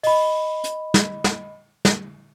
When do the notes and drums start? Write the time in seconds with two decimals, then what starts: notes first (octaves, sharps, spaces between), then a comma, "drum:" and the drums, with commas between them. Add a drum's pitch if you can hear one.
0.03 D#5 B5, drum: open hi-hat
0.64 drum: hi-hat
0.94 drum: snare
1.24 drum: snare
1.85 drum: snare